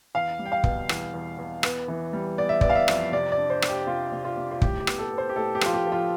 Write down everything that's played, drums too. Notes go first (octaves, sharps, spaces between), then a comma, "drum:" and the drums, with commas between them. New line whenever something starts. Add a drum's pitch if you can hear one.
E2 F5
G3
G5
F5
B2, drum: kick
E2, drum: rim click
E2
E2
B3, drum: rim click
E3
G3
B3 D5
E5
B3 D5, drum: kick
F5
E5
F2, drum: rim click
C3 D5
D5
D4
C5
D4, drum: rim click
G4
C3 F4
C3
F4
C3
F4
A2 G4, drum: kick
G4
B3, drum: rim click
A4
B3
C5
G4
A2 A4
G4
F3 F4, drum: rim click
G4
F3
F4